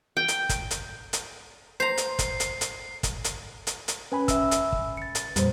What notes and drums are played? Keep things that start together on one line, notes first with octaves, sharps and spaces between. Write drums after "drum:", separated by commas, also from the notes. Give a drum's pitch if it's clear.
G5
drum: hi-hat
drum: kick, hi-hat
drum: hi-hat
drum: hi-hat
C5 A#5 C7
drum: hi-hat
drum: kick, hi-hat
drum: hi-hat
drum: hi-hat
drum: kick, hi-hat
drum: hi-hat
drum: hi-hat
drum: hi-hat
C#4 B4 G#5 B5
E5 E6, drum: kick, hi-hat
drum: hi-hat
drum: kick
A6 C#7
drum: hi-hat
F2 A#2 G3 C5, drum: hi-hat